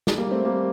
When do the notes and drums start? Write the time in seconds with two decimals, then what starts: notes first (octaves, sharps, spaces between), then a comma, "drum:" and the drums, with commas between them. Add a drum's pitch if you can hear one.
0.07 drum: snare
0.18 G3 A#3
0.31 A3 C4
0.44 G3 A#3